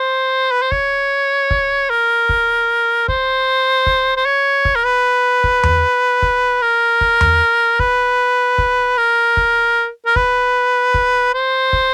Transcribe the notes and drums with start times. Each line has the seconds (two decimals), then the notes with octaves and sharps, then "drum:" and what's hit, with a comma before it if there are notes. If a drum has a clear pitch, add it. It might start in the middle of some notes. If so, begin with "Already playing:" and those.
Already playing: C5
0.51 B4
0.62 C5
0.72 C#5, drum: kick
1.51 drum: kick
1.90 A#4
2.29 drum: kick
3.08 C5, drum: kick
3.87 drum: kick
4.17 C5
4.25 C#5
4.65 drum: kick
4.76 A#4
4.84 B4
5.44 drum: kick
5.63 drum: tom E2
6.22 drum: kick
6.62 A#4
7.01 drum: kick
7.21 drum: tom E2
7.79 B4, drum: kick
8.58 drum: kick
8.97 A#4
9.37 drum: kick
10.06 A#4
10.16 B4, drum: kick
10.94 drum: kick
11.34 C5
11.73 drum: kick